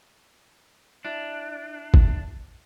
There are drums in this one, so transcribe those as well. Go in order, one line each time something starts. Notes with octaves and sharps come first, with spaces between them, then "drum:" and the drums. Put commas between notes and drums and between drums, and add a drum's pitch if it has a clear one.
D4 E4
drum: kick